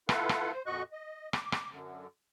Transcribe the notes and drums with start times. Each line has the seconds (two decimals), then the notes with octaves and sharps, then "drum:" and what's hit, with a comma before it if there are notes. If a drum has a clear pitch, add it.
0.09 E4 F4 A4 B4 F5 F#5, drum: rim click
0.29 drum: rim click
0.52 C5
0.66 F2 A#2 F#4 D#5 C#6 F#6
0.92 D#5
1.33 D6, drum: rim click
1.52 drum: rim click
1.71 F#2 D3